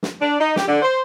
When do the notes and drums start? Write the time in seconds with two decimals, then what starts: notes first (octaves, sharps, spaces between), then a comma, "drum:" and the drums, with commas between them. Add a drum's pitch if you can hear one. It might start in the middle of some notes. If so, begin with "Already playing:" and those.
0.03 drum: snare
0.21 D4
0.40 D#4
0.56 G4, drum: snare
0.68 D3
0.82 C5